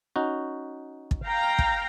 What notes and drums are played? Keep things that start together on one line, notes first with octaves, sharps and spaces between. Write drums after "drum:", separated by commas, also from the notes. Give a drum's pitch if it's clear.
C#4 D#4 F#4
drum: kick
F5 G5 A#5
drum: kick